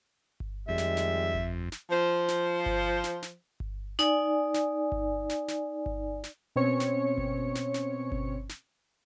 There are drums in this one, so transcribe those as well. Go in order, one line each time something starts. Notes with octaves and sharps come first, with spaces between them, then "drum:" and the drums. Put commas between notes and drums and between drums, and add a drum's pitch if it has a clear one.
drum: kick G1
F2 D#3 G3 G#3 E5
drum: snare
drum: snare
drum: kick G1
drum: snare
F3 C5
drum: snare
drum: kick G1
drum: snare
drum: snare
drum: kick G1
D#4 D5 G#5, drum: snare
drum: snare
drum: kick G1
drum: snare
drum: snare
drum: kick G1
drum: snare
B2 C4 C#4 C#5 C#7
drum: snare
drum: kick G1
drum: snare
drum: snare
drum: kick G1
drum: snare